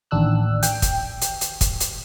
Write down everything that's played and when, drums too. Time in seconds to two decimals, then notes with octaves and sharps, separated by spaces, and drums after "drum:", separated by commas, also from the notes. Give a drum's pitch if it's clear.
0.11 A1 D#2 D4 E6 F#6
0.63 G5, drum: hi-hat
0.82 drum: kick, hi-hat
1.22 drum: hi-hat
1.41 drum: hi-hat
1.61 drum: kick, hi-hat
1.80 drum: hi-hat